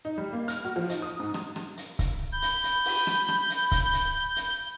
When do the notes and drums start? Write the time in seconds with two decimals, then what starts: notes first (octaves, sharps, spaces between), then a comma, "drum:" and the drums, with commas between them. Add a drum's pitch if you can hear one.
0.05 D#4
0.18 G3
0.33 A#3
0.48 F6, drum: hi-hat
0.65 F#4
0.76 F3
0.89 D#4, drum: hi-hat
1.02 D#6
1.20 G#2
1.34 drum: rim click
1.56 drum: rim click
1.77 drum: hi-hat
1.99 drum: kick C#1, hi-hat
2.32 B5 G6
2.42 drum: hi-hat
2.64 drum: hi-hat
2.85 drum: open hi-hat
3.07 drum: rim click
3.28 drum: rim click
3.50 drum: hi-hat
3.72 drum: kick C#1, hi-hat
3.93 drum: hi-hat
4.36 drum: hi-hat